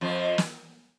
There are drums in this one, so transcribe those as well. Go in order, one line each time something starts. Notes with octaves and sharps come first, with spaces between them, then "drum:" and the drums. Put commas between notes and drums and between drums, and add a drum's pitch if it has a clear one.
F2 F3
drum: snare